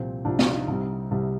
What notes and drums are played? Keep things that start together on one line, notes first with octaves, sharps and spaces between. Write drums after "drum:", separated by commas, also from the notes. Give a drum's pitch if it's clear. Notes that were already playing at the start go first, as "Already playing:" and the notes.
Already playing: C2 A#2 F3 C4
C2 A#2 F3 D4
F4, drum: snare
D#4
C2 C3 G3
C2 C3 G3